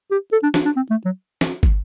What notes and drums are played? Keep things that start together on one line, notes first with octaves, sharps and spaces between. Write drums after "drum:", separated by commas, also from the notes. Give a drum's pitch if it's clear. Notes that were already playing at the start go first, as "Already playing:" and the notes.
G4
A4
D4
D4, drum: snare
D4
C4
A3
F#3
drum: snare
drum: kick